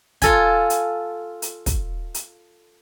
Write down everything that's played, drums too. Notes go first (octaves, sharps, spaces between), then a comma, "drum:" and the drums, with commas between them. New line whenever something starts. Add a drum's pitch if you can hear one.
F4 A4 G#5, drum: kick, hi-hat
drum: hi-hat
drum: hi-hat
drum: kick, hi-hat
drum: hi-hat